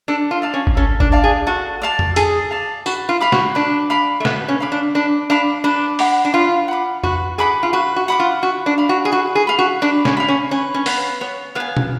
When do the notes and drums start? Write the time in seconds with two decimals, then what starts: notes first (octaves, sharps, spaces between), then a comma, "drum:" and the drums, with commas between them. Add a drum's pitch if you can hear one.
0.08 D4 A4
0.31 F4
0.42 D5 F5 A5
0.54 C#4
0.67 drum: kick G1
0.77 C#4 A4
1.00 D4, drum: kick G1
1.12 D5 F5 A5
1.24 G#4
1.47 F#4 A4
1.82 D5 F5 A5
1.99 drum: tom F2
2.16 G#4 A4, drum: hi-hat
2.51 D5 F5 A5
2.86 F#4 B4, drum: tambourine
3.09 F4
3.21 F5 B5 D6
3.32 F#4, drum: snare
3.55 D4 B4
3.90 F5 B5 D6
4.20 A3
4.25 B3 B4, drum: snare
4.48 C#4
4.60 F5 B5 D6
4.72 D4
4.95 D4 B4
5.30 D4 F5 B5 D6
5.64 D4 B4
5.99 F#5 B5 D6, drum: open hi-hat
6.25 D4
6.34 F4 B4
6.68 F#5 B5 D6
7.03 F#4 B4, drum: tom F2
7.38 G#4 F#5 B5 D6
7.63 F4
7.73 F#4 B4
7.96 F#4
8.08 F#5 B5 D6
8.20 F4
8.42 F#4 B4
8.66 D4
8.78 F5 B5
8.89 F#4
9.05 G#4
9.12 F#4 B4
9.35 G#4
9.47 F5 B5
9.59 F#4
9.82 D4 B4
10.05 C#4, drum: snare
10.17 F5 B5
10.28 C#4
10.51 C#4 B4
10.74 C#4
10.86 B3 F5 B5, drum: open hi-hat
11.21 B3 C#5
11.55 B3 F5 G#5
11.77 drum: tom